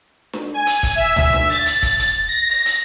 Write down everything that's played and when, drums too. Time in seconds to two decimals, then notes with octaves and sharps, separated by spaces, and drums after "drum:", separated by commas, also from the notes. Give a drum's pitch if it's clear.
0.33 drum: snare D4
0.54 G#5
0.67 drum: hi-hat
0.83 drum: kick, hi-hat
0.95 E5
1.16 drum: tom C#2
1.33 drum: snare D4
1.50 A6, drum: open hi-hat
1.66 drum: hi-hat
1.83 drum: kick, hi-hat
1.99 drum: hi-hat
2.28 A#6
2.49 drum: open hi-hat
2.66 drum: hi-hat